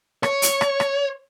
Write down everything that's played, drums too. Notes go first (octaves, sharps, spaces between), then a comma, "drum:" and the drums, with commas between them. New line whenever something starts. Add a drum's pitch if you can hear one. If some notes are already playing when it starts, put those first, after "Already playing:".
C#5, drum: rim click
drum: hi-hat
drum: rim click
drum: rim click